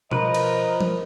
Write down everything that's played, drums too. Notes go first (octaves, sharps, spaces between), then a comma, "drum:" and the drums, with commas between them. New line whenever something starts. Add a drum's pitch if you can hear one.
F3 A#4 B4 D#5, drum: tom B2
drum: cymbal
drum: tom F3